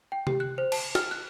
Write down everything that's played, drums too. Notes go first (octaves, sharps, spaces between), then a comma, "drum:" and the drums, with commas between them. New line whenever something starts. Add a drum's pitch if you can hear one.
G5
G4, drum: tom C3
F#6
C5
A5, drum: cymbal
F6, drum: snare
F#6